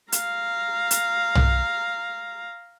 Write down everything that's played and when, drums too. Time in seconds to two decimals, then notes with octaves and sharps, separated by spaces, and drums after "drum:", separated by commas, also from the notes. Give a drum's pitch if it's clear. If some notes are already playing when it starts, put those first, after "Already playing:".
0.12 F5 A#5, drum: hi-hat
0.91 drum: hi-hat
1.35 drum: tom